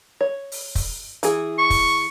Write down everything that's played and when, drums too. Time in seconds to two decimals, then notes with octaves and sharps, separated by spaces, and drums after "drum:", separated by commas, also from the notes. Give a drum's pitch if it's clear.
0.21 C#5
0.52 drum: open hi-hat
0.75 drum: kick, open hi-hat
1.23 E3 G#4, drum: hi-hat
1.58 C#6
1.70 drum: kick, open hi-hat